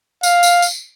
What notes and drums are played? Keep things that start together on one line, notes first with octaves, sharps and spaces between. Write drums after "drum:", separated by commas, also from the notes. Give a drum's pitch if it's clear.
F5, drum: tambourine
drum: tambourine
drum: tambourine